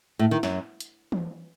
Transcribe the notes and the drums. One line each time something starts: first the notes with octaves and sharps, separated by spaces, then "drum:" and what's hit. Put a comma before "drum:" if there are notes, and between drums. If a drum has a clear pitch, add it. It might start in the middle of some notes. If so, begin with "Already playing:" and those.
A2
D#3
F#2, drum: snare
drum: hi-hat
drum: tom E3